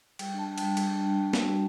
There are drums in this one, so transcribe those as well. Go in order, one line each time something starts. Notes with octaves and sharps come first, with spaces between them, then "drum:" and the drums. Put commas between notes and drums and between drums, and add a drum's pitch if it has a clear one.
G3 G5, drum: cymbal
D4 A5
G3
G5, drum: cymbal
G3
G3, drum: cymbal
D4
D4
G3
F#4, drum: snare
G3